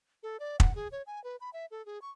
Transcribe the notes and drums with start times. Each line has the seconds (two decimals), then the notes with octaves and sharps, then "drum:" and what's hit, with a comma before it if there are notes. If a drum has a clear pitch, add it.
0.23 A4
0.40 D5
0.60 F#5, drum: kick
0.75 G#4
0.92 C#5
1.07 G#5
1.24 B4
1.41 B5
1.53 E5
1.71 A4
1.86 G#4
2.02 C#6